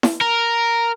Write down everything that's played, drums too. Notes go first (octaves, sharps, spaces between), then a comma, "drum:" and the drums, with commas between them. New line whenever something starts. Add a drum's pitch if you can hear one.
drum: snare E4
A#4